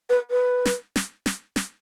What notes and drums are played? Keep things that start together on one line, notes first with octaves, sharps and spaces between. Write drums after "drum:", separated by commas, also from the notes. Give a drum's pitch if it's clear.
B4
B4
drum: snare
drum: snare
drum: snare
drum: snare